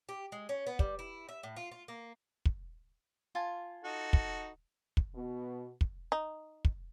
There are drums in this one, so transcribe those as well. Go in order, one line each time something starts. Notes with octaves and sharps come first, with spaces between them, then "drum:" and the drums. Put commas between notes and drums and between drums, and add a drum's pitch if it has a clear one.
G4
G#3
C#4
B3
G3, drum: kick
E4
E5
A2
F4
F4
A#3
drum: kick
F4 G#5 A5
D#4 F#4 A4
drum: kick
drum: kick
B2
drum: kick
D#4
drum: kick